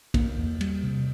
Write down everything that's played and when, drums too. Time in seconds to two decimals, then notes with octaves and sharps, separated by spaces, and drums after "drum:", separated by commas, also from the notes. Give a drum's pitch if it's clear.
0.14 A#3, drum: kick, cymbal
0.38 E2
0.61 G3, drum: cymbal
0.83 C3